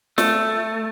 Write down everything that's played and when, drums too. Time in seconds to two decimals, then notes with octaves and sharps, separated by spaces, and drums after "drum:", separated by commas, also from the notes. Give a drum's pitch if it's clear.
0.18 A3, drum: snare